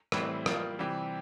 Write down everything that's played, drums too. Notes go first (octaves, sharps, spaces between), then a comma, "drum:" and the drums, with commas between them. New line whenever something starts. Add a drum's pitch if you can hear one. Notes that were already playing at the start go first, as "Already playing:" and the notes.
A2 E3 G3 C4 E4, drum: rim click
G3 A#3 F4, drum: rim click
C3 E3 G3 C4 G4